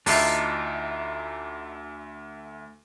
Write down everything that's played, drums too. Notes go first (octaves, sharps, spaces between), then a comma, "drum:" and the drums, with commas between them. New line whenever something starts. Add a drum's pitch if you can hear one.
D2 D4 D#4 F4 E5, drum: open hi-hat